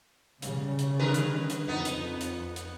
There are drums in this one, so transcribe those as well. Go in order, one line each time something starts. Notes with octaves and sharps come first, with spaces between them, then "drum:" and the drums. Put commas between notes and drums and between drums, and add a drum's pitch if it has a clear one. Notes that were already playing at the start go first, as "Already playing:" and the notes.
C#3 G3, drum: hi-hat
drum: hi-hat
D3 A#4 B4
drum: hi-hat
drum: hi-hat
F2 B3 D#4
drum: hi-hat
drum: hi-hat
drum: hi-hat